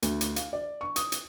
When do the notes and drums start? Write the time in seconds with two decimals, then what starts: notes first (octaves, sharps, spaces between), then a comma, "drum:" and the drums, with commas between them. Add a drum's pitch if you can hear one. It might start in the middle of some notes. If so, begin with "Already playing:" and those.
0.02 D2, drum: hi-hat
0.21 drum: hi-hat
0.36 F5, drum: hi-hat
0.53 D5
0.81 C#6
0.96 D#6, drum: hi-hat
1.12 drum: hi-hat